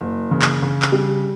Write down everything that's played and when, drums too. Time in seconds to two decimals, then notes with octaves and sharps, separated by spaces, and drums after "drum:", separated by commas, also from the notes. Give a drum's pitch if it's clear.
0.01 F#1
0.31 C#3
0.42 drum: clap
0.62 C#3
0.82 drum: clap
0.92 G3